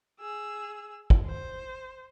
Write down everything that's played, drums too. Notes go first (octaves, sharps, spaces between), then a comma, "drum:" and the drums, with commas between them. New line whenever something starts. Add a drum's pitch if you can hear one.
G#4 E6
drum: kick
C5